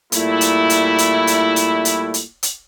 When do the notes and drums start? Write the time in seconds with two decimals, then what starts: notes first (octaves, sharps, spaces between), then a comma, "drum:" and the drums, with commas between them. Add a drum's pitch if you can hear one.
0.12 A#2 G3 A3 E4, drum: hi-hat
0.41 drum: hi-hat
0.70 drum: hi-hat
0.98 drum: hi-hat
1.27 drum: hi-hat
1.56 drum: hi-hat
1.85 drum: hi-hat
2.14 drum: hi-hat
2.43 drum: hi-hat